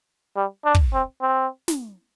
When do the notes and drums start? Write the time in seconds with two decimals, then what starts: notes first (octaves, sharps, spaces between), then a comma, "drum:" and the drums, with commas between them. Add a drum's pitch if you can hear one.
0.37 G3
0.65 D4
0.75 drum: kick
0.93 C4
1.21 C4
1.68 drum: snare